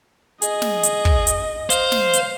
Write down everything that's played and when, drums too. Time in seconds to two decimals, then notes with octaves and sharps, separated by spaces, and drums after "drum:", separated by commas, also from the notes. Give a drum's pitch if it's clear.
0.42 G#4 D#5, drum: hi-hat
0.62 drum: snare
0.83 drum: hi-hat
1.05 drum: kick
1.27 drum: hi-hat
1.70 C5 F5, drum: hi-hat
1.92 drum: snare
2.13 drum: hi-hat